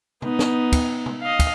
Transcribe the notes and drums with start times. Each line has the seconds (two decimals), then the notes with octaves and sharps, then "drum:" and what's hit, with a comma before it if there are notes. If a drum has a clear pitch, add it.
0.22 B3 D#4, drum: tom C3
0.39 drum: snare
0.73 drum: kick, cymbal
1.06 drum: tom C3
1.22 D#5 F5
1.40 drum: kick, cymbal